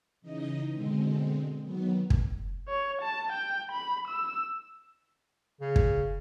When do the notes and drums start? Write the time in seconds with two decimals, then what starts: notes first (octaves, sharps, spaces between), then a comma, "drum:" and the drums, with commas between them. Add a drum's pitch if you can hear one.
0.22 C#3 E3 D#4 D#5
0.71 B2 D3 G#3 C4
1.62 D#3 F#3 B3
2.10 drum: kick
2.68 C#5
3.02 A5
3.33 G5
3.72 B5
4.08 E6
5.61 C#3
5.76 drum: kick